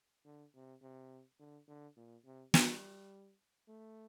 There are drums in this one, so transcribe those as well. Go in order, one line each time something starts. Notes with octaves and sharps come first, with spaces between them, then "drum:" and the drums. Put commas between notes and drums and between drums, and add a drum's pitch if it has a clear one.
D3
C3
C3
D3
D3
A#2
C3
G3, drum: snare
A3